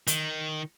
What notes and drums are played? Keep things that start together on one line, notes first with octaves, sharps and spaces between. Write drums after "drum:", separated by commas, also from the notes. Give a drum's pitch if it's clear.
D#3, drum: hi-hat